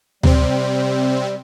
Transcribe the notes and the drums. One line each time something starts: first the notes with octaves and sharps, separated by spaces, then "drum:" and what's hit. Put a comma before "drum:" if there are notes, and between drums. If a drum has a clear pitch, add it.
C3 G3 C4, drum: tom D2